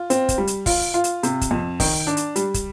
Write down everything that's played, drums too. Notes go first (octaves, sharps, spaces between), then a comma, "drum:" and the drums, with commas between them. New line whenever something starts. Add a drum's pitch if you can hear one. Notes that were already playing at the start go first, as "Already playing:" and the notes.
Already playing: F4
C4, drum: hi-hat
drum: kick, hi-hat
G3
drum: hi-hat
F4, drum: kick, open hi-hat
F4
drum: hi-hat
C3, drum: hi-hat
drum: kick, hi-hat
F2
D#3, drum: kick, open hi-hat
D4
drum: hi-hat
G3, drum: hi-hat
drum: kick, hi-hat